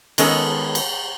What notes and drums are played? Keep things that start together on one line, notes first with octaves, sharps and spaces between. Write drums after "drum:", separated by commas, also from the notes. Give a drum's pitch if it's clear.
D#3 G#3 B3 C#4 A4 A#4, drum: cymbal
drum: cymbal